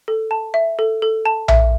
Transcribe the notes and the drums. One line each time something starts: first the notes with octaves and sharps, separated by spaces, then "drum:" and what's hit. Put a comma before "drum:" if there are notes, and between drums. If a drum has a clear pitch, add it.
A4
A5
E5
A4
A4
A5
E5, drum: tom A#1